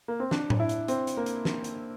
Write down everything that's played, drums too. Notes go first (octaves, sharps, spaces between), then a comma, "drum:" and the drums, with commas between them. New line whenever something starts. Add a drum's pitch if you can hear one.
A#3
C4
D4, drum: snare
drum: tom A2
E4
drum: hi-hat
C4, drum: hi-hat
drum: hi-hat
A#3
drum: hi-hat
drum: snare
drum: hi-hat